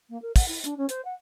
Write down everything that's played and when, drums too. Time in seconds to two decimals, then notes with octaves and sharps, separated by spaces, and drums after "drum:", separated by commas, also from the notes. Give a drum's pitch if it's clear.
0.09 A#3
0.22 A#4
0.36 F#5, drum: kick, open hi-hat
0.48 E4
0.64 D4, drum: hi-hat
0.77 C#4
0.89 C5, drum: hi-hat
1.05 F#5